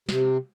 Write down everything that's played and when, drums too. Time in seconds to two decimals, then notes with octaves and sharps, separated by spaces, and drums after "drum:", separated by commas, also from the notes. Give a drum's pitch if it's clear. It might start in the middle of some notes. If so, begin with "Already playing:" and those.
0.09 C3, drum: snare